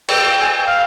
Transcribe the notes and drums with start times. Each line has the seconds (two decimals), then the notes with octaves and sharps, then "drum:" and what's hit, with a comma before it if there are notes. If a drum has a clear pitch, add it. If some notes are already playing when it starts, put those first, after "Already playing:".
0.08 G5, drum: cymbal
0.42 G#5
0.52 G5
0.66 F5